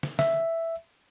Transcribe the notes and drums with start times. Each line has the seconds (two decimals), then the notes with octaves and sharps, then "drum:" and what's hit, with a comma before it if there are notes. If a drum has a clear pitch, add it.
0.03 drum: snare
0.19 E5, drum: snare